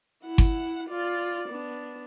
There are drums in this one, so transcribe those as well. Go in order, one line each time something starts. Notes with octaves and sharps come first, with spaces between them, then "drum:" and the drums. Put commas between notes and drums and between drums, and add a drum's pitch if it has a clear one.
E4 F#5
drum: kick G1
F4 D5
B3 D4